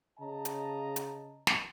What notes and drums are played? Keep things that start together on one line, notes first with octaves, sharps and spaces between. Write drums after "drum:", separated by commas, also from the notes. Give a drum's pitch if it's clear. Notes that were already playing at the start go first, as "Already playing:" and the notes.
C#3 D#5 A5 A#5
drum: hi-hat
drum: hi-hat
drum: snare